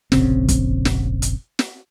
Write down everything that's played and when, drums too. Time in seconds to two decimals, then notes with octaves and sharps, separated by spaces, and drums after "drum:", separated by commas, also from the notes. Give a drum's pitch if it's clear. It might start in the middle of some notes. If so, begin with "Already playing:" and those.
0.12 F1 A#1 C#3 C4, drum: snare
0.48 drum: kick, hi-hat
0.85 drum: snare
1.22 drum: hi-hat
1.59 drum: snare